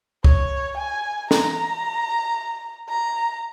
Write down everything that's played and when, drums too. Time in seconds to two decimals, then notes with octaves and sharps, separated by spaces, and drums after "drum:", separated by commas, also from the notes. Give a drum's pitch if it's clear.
0.24 C#5, drum: kick C2
0.77 G#5
1.31 A#5, drum: snare
2.89 A#5